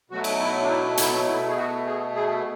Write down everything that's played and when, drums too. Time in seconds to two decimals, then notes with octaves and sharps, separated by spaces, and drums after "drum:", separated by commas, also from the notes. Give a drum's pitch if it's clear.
0.10 B2 F#3 A3 F#4
0.24 drum: cymbal
0.40 E4
0.63 D4
0.69 E4
0.97 E4, drum: hi-hat
1.27 B2 A3 E4
1.48 G#4
1.56 F#4
1.86 G#4
2.15 G#4